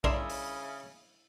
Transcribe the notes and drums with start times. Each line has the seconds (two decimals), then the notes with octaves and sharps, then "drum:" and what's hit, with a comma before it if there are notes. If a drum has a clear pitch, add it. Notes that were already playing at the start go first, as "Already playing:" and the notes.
0.04 C#3 D4 E4 A#4 C6, drum: kick
0.29 drum: open hi-hat